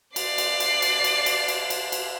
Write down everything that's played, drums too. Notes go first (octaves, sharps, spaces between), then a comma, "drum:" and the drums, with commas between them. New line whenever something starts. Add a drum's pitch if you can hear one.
D5 C7, drum: cymbal
drum: cymbal
drum: cymbal
drum: cymbal
drum: cymbal
drum: cymbal
drum: cymbal
drum: cymbal
drum: cymbal